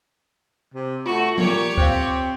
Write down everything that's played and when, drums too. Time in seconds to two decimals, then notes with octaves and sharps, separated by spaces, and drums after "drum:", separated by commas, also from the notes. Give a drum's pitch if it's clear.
0.74 C3
1.06 A3 F4 F#4
1.38 A#2 G4 C#5, drum: tom F3
1.77 C4 C5 F5, drum: kick C#2